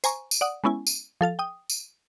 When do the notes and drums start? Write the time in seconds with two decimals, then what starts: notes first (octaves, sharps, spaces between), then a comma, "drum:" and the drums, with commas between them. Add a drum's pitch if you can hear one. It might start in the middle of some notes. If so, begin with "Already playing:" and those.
0.04 C5 G#5 A#5 C#6, drum: tambourine
0.31 drum: tambourine
0.41 D5 F#5 D#6
0.64 G#3 B3 C#4 E4 G#5
0.87 drum: tambourine
1.21 F3 A4 F5 A6
1.39 G5 D#6
1.69 drum: tambourine